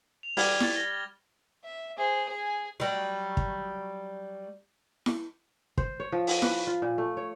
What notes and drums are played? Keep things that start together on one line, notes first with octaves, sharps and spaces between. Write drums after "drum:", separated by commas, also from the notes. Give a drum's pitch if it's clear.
F7
G3 F6 G#6 G7, drum: open hi-hat
G#6 A6, drum: snare E4
A#6 G7
A6
E5
G#4 C5
G#4 G#5
F#3 G3
drum: kick
drum: snare E4
C5, drum: kick
C#5
F3
drum: open hi-hat
B4, drum: snare E4
F4
A#2
A3
C#5